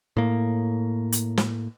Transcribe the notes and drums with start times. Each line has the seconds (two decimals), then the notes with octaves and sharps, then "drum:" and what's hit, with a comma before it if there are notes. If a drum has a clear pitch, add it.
0.17 A2 A#3
1.12 drum: hi-hat
1.37 drum: snare